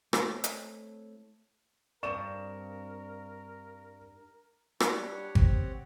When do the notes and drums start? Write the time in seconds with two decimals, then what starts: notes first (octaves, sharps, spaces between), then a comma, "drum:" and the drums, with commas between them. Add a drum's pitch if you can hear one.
0.13 A3 C4 E4 C#5, drum: rim click
0.44 drum: hi-hat
2.03 G2 C4 D4 A#4 D5 C#6 E7
4.80 G3 D4 G4 C#5 F#5, drum: rim click
5.35 C4, drum: kick G#1